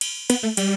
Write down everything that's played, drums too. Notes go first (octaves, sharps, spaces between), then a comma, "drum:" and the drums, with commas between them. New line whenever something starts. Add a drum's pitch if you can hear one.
drum: cymbal
B3, drum: cymbal
A3
G3, drum: cymbal